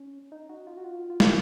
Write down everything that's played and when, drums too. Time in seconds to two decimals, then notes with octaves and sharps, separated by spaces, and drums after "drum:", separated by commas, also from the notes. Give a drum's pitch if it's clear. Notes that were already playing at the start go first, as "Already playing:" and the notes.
Already playing: C#4
0.32 D#4
0.49 F#4
0.67 F4
0.77 F#4
0.84 F4
1.10 F4
1.20 drum: snare